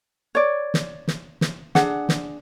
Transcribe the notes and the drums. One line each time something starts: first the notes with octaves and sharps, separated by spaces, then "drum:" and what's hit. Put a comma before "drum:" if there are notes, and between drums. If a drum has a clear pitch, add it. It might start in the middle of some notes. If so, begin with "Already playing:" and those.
C#5 D5
drum: snare
drum: snare
drum: snare
D4 G#4 F#5, drum: snare
drum: snare